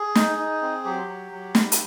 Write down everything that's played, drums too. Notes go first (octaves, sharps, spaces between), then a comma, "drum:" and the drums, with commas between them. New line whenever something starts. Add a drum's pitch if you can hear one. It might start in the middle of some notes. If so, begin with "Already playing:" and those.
Already playing: G#4
D#4, drum: snare
D#4
C4
F#3 G4
F#3
F#3
G3, drum: snare
drum: hi-hat